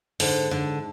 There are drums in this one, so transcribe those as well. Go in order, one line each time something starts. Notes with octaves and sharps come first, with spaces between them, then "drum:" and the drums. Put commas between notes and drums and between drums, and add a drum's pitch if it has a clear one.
G#2 D3, drum: open hi-hat
D3